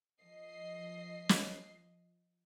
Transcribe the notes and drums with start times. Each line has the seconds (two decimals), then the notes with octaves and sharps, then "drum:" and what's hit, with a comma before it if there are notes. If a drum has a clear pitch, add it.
0.22 F3 D#5 C7
1.29 drum: snare